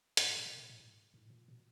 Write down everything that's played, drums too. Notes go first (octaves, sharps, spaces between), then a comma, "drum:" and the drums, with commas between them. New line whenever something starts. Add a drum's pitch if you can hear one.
G#2, drum: hi-hat
A2
A#2
B2
A#2
A2
G#2
A2
A#2
B2